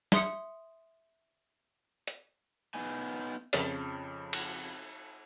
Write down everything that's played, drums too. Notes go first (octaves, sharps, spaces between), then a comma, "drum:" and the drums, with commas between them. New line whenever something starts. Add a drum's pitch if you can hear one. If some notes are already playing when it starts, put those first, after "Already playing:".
E5 C6 D#6 C#7, drum: snare
drum: hi-hat
B3 D#4 G#5
F2 C#3 F3 C#5 F6 A6, drum: open hi-hat
drum: cymbal